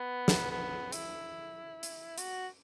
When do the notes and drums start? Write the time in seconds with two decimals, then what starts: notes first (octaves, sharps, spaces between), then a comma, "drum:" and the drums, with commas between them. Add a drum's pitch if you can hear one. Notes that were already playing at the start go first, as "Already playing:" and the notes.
Already playing: B3
0.28 drum: snare
0.51 B3
0.92 E4, drum: hi-hat
1.83 drum: hi-hat
2.18 F#4, drum: hi-hat